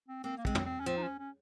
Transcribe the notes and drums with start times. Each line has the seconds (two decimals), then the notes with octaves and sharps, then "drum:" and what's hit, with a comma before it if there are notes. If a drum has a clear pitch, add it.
0.08 C4
0.24 A#3 C4
0.38 A#3
0.45 G#3 C4, drum: kick
0.55 F#3, drum: tom
0.66 C4
0.80 C#4
0.86 F3 C4
0.97 D#4
1.03 C#4
1.18 C#4